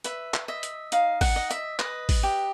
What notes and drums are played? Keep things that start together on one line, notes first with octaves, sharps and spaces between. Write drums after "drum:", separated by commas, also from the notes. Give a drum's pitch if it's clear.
B4 E5, drum: hi-hat
drum: clap
D#5 E5
drum: hi-hat
D#4 F5, drum: hi-hat
F#5, drum: kick, open hi-hat
D#5
E5, drum: hi-hat
B4 D#5, drum: clap
drum: kick, open hi-hat
G4